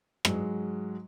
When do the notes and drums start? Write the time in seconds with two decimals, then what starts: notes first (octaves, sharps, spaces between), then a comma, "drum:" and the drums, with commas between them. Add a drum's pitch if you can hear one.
0.25 G#2 F#3 G#3, drum: rim click